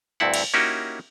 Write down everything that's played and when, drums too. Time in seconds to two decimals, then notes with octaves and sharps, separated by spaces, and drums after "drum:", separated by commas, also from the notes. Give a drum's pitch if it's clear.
0.20 D2 G2 C4 E4 F#5
0.34 drum: cymbal
0.54 A#3 C#4 D#4 E4 F#4 G4